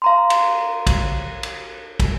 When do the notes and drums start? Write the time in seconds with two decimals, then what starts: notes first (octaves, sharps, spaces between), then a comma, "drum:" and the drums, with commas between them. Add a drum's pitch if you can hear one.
0.02 F5 A#5 C6
0.30 drum: cymbal
0.87 drum: kick, cymbal
1.43 drum: cymbal
2.00 drum: kick, cymbal